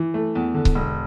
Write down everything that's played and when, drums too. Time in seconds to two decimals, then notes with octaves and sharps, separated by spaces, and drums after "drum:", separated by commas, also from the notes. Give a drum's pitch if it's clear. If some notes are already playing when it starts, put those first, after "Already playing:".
Already playing: E3
0.14 A3
0.35 E2
0.55 D3
0.65 drum: kick C#1
0.75 E1